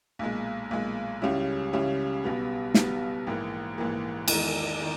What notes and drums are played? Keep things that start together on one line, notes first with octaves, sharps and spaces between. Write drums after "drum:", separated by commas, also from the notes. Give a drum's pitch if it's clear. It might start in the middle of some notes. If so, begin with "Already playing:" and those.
B1 A#2 G#3
B1 A#2 G#3
C#2 C#3 G3 C#4 E4
C#2 C#3 G3 C#4 E4
B1 B2 G3 B3
B1 B2 G3 B3, drum: snare
A#1 G#2 E3 A#3
A#1 G#2 E3 A#3
E2 D#3 G#3, drum: cymbal
D#3